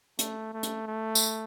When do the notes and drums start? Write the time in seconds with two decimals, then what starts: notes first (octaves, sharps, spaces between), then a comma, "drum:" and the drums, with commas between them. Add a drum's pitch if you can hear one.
0.19 A3, drum: hi-hat
0.54 A3
0.63 drum: hi-hat
0.87 A3
1.15 drum: tambourine